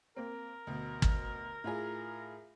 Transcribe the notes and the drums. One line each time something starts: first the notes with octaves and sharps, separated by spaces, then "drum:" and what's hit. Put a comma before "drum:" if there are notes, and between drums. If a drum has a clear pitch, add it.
A#3 C4 A#4
D2 B2
drum: kick
A2 F4 G#4